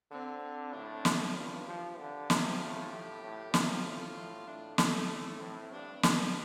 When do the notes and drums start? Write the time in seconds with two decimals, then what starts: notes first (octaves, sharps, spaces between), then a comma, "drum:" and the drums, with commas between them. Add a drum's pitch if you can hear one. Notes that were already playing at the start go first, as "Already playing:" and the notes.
0.11 D3 C4
0.43 C4
0.73 A2 D4
1.05 drum: snare
1.36 G2 F4
1.67 F3 G4
1.98 D3
2.30 C3 F4, drum: snare
2.60 A2
2.91 G4
3.22 A2
3.54 C3 F4, drum: snare
3.85 A2
4.47 A2 D4
4.78 A3, drum: snare
5.40 A2 C4
5.72 G2 D4
6.03 G2, drum: snare